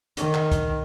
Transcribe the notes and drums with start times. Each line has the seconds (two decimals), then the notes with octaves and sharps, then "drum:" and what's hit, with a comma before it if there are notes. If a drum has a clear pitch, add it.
0.17 D#3, drum: hi-hat
0.34 drum: clap
0.51 drum: kick, hi-hat